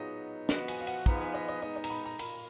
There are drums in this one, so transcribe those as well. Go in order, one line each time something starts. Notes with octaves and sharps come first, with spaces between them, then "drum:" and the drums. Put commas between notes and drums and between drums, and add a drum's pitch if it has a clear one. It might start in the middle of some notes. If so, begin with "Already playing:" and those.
Already playing: F#3 B3 D#4 F4 G#4 D#5
F3 B3 F#4 D#5, drum: snare
G#5, drum: cymbal
F5
F#5, drum: cymbal
F3 B3 D#4 G#4 B4 A#5, drum: kick
G#5
D#5
D#5
G#3 B3 D#4 D#5
D#5
A#5, drum: cymbal
B5
A#5
F4 A#4 B5, drum: cymbal